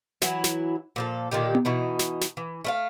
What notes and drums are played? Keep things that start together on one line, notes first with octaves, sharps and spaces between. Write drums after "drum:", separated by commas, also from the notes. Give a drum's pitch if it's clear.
E3 F#3 E4, drum: snare
drum: snare
A#2 F3 A4
A#2 D3 D#3 G4
drum: tom B3
B2 E3 D#4
drum: snare
drum: snare
E3
A3 A#4 F5